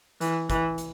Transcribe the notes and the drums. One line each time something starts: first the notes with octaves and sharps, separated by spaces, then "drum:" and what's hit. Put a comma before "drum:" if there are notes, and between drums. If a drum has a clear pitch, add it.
E3, drum: hi-hat
E3, drum: kick, hi-hat
drum: hi-hat